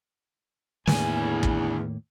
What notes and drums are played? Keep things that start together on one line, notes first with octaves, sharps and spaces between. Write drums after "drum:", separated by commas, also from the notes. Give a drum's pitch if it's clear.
E2 A2 D3 D#3 A#3 G#5, drum: snare
drum: kick